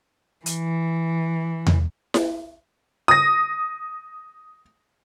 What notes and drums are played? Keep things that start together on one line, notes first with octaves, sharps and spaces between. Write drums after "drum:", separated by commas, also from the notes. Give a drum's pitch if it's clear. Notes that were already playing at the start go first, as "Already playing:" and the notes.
E3, drum: hi-hat
drum: tom E2
drum: snare E4
D#6 A#6